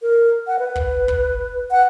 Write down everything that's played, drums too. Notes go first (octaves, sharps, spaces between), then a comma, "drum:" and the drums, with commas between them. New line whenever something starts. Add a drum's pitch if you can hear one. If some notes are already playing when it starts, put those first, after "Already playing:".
A#4
F#5
B4
drum: kick
drum: kick
F#5